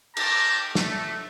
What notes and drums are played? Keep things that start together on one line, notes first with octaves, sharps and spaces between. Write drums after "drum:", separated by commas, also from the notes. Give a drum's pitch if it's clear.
G4 A5 A#5, drum: cymbal
A3, drum: snare